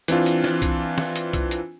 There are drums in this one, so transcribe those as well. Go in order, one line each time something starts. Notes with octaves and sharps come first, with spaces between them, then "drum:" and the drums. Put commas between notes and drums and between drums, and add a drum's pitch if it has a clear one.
E3 C4 D4 F4, drum: hi-hat
drum: hi-hat
drum: snare
drum: kick B1, hi-hat
drum: snare
drum: hi-hat
drum: kick B1, hi-hat
drum: hi-hat